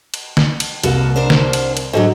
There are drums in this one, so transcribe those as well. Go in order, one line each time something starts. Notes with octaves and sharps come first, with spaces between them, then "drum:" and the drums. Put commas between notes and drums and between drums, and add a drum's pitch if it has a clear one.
drum: cymbal
drum: snare
drum: cymbal
C2 A#3 F#4 A4, drum: cymbal
D4 A#4 C5
drum: snare
drum: cymbal
drum: cymbal
G#2 D3 F#3 F#4 A4 D#5